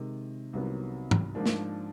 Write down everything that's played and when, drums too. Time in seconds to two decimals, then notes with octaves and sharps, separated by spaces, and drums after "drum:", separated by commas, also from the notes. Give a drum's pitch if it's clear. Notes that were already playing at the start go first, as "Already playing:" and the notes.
Already playing: C3 D#3 G#3
0.53 C2 C3 D#3 F#3 B3
1.11 drum: tom
1.35 G#2 F3 A#3 D4
1.46 drum: snare